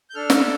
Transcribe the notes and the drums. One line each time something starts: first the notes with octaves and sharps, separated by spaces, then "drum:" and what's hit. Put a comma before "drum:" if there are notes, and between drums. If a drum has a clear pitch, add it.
G6
D4 A4 F6
drum: snare